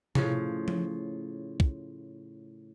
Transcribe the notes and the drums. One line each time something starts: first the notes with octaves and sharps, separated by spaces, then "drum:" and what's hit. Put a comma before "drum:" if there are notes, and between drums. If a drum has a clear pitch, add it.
A2 C#3 F3, drum: tom C3
drum: tom F3
drum: kick